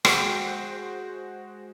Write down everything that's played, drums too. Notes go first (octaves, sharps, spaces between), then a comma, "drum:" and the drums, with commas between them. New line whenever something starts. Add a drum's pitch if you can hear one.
G#3 F#4 C5 G5, drum: rim click